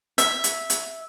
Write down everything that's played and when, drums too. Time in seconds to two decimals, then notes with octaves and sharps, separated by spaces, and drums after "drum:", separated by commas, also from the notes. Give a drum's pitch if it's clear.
0.18 E5, drum: hi-hat
0.44 drum: hi-hat
0.70 drum: hi-hat